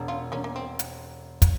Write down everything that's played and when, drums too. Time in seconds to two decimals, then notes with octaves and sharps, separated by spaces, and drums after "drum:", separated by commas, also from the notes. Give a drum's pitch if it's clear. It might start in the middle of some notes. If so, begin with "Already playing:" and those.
Already playing: E1
0.08 C#4 F4
0.32 E1 A#3 C#4
0.44 A#3
0.56 C4
0.79 drum: hi-hat
1.42 drum: kick, hi-hat